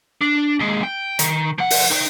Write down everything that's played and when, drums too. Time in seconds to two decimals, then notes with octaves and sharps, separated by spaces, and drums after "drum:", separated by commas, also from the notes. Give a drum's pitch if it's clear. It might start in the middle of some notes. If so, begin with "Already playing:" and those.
0.21 D4
0.59 D#2 G#3
0.83 G5
1.19 D#3, drum: hi-hat
1.58 F3 F#5
1.70 drum: open hi-hat
1.91 D#4 G5